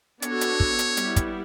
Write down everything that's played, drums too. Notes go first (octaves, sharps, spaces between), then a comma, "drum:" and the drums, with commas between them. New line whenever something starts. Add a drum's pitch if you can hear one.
B3 D4 F#4 A4 C#5, drum: hi-hat
drum: hi-hat
drum: kick
drum: hi-hat
G3 B3 E4, drum: hi-hat
drum: kick, hi-hat